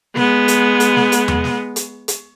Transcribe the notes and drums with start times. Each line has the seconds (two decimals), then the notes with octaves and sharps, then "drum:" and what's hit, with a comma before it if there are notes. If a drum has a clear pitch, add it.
0.16 G#3 B3, drum: snare
0.48 drum: hi-hat
0.80 drum: hi-hat
0.96 drum: snare
1.12 drum: hi-hat
1.28 drum: tom E2
1.44 drum: snare
1.76 drum: hi-hat
2.08 drum: hi-hat